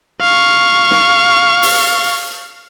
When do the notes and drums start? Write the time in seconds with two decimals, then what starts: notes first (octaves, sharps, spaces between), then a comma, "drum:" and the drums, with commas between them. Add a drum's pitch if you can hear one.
0.21 F5 C#6
0.91 drum: snare
1.63 drum: open hi-hat